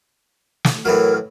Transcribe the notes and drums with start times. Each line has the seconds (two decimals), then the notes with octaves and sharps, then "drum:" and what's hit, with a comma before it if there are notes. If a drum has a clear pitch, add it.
0.65 drum: snare
0.85 A2 E3 F#3 A#4